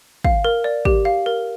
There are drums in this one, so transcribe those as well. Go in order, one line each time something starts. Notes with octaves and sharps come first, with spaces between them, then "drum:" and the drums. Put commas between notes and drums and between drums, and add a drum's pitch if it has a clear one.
F5, drum: kick
A#4
D5
G4, drum: kick
F5
A#4